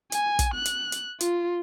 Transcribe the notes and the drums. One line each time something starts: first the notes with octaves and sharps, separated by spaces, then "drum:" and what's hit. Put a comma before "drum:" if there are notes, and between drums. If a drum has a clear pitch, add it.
G#5, drum: hi-hat
drum: kick, hi-hat
F#6
drum: hi-hat
drum: hi-hat
F4, drum: hi-hat